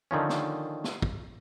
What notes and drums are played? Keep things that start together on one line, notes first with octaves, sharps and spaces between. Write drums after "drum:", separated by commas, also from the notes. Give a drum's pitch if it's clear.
D3 D#3 F3 C#4
drum: snare
drum: snare
drum: kick